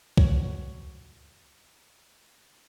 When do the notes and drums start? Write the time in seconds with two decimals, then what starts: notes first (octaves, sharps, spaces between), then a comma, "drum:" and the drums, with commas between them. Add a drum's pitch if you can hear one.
0.17 F#4 C#5, drum: kick C2